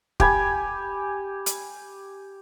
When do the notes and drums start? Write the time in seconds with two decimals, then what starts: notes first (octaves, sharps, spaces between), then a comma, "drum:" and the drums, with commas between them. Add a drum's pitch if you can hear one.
0.20 G4 G#5 B5, drum: kick
1.46 drum: hi-hat